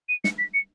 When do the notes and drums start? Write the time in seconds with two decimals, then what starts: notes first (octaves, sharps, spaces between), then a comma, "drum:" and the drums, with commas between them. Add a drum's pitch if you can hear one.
0.09 D#7
0.24 C#7, drum: snare
0.38 B6
0.54 C#7